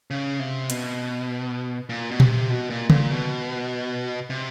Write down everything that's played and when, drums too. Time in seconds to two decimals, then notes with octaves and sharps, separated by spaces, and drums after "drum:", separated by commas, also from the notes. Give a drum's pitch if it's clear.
0.11 C#3
0.39 C3
0.70 B2, drum: hi-hat
1.89 A#2
2.11 B2
2.20 C3, drum: tom A#2
2.50 B2
2.70 A#2
2.90 A#2, drum: tom C#3
3.11 B2
4.30 C3